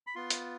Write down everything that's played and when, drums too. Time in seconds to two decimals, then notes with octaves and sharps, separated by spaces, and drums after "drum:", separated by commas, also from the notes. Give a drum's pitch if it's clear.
0.07 B5
0.15 B3 F4 C6
0.30 drum: hi-hat